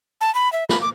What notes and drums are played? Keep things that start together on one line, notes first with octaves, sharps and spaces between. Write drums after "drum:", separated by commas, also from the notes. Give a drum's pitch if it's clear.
A5
B5
E5
B5, drum: snare
D6